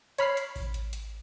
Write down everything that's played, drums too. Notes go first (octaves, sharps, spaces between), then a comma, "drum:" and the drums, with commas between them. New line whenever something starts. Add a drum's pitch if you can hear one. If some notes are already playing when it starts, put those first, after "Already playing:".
C#5 B5 F6 C7, drum: hi-hat
drum: hi-hat
drum: kick A1, open hi-hat
drum: hi-hat
drum: hi-hat